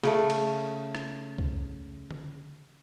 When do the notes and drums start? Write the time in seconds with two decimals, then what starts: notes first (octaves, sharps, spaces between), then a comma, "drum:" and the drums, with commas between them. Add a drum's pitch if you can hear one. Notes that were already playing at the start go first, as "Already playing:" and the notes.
0.03 C#3 A3, drum: snare
0.30 drum: cymbal
0.95 drum: rim click
1.38 drum: kick C2
2.11 drum: tom D3